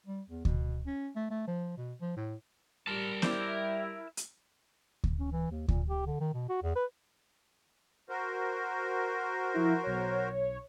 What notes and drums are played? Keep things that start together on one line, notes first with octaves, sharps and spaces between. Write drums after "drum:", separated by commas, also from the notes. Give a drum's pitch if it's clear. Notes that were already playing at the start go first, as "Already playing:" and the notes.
G3
E2
B2, drum: kick D2
C#4
A3
A3
F3
B2
F3
A2
G3 A#4 A5
E4 C5 D5 G5, drum: snare B3
drum: hi-hat
drum: kick D2
C#4
E3
D#2
A#2, drum: kick D2
G4
D3
D#3
B2
F#4
E2
B4
F#4 A#4 C5
F3 E4
B1 C#5